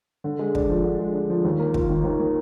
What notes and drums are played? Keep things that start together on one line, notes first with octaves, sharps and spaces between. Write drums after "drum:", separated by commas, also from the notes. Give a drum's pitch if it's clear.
D3
G#3
D4, drum: kick
F3
D3
G#3
D4
F3
D#2
A#3
F4, drum: kick
D#3
D#2
A#3